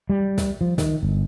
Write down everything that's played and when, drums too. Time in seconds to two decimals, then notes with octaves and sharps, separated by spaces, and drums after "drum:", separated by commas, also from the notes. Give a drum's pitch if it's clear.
0.10 G3
0.38 drum: snare
0.61 F3
0.78 D#3, drum: snare
1.03 G1